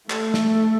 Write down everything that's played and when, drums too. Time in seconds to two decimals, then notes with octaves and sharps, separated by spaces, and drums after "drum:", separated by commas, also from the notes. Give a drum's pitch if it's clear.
0.10 A3 A4, drum: clap
0.34 drum: snare